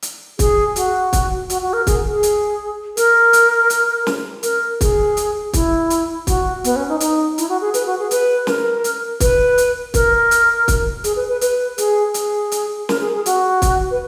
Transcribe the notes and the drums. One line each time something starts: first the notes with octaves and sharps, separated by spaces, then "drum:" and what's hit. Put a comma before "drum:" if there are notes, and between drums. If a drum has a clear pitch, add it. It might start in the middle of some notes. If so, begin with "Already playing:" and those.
drum: hi-hat
G#4, drum: kick, hi-hat
F#4, drum: hi-hat
drum: kick, hi-hat
F#4, drum: hi-hat
F#4
A#4
G#4, drum: kick, hi-hat
G#4
drum: hi-hat
A#4, drum: hi-hat
drum: hi-hat
drum: hi-hat
drum: snare
A#4, drum: hi-hat
G#4, drum: kick, hi-hat
drum: hi-hat
E4, drum: kick, hi-hat
drum: hi-hat
F#4, drum: kick, hi-hat
B3, drum: hi-hat
C#4
D#4
D#4, drum: hi-hat
E4, drum: hi-hat
F#4
G#4
B4, drum: hi-hat
F#4
G#4
B4, drum: hi-hat
A#4, drum: snare
drum: hi-hat
B4, drum: kick, hi-hat
drum: hi-hat
A#4, drum: kick, hi-hat
drum: hi-hat
drum: kick, hi-hat
G#4, drum: hi-hat
B4
B4
B4, drum: hi-hat
G#4, drum: hi-hat
G#4, drum: hi-hat
drum: hi-hat
A#4, drum: snare
G#4
G#4
F#4, drum: hi-hat
drum: kick, hi-hat
B4